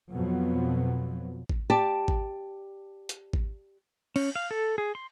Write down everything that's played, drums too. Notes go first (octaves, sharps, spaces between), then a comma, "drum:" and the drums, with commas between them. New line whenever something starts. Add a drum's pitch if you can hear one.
F2 B2 F3 F#3 B3
drum: kick G#1
G4 D5 A5
drum: kick G#1
drum: hi-hat
drum: kick G#1
C#4, drum: cymbal
F5
A4
G#4
C6